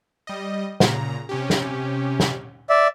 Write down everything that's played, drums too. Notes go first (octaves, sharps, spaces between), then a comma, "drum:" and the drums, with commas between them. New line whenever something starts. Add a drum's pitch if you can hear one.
G3 D#5
A#2 C#3 A#5, drum: snare
C3 C#4 G4
drum: snare
drum: snare
D5 E5